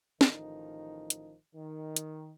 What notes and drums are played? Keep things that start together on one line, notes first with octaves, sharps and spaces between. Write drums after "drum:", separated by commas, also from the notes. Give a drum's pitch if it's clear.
A1 D#3 F3 D#4, drum: snare
drum: hi-hat
D#3
drum: hi-hat